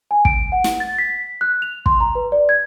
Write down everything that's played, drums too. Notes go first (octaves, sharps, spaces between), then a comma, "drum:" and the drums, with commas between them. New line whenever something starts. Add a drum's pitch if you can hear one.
G#5
D7, drum: kick
F#5
drum: snare
A6
B6
F#6
F7
C6, drum: kick
A#5
B4
D5
G#6